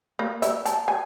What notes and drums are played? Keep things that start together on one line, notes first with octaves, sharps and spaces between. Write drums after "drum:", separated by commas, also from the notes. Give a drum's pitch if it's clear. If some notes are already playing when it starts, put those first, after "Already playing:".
A#3
E5, drum: hi-hat
A5, drum: hi-hat
G#5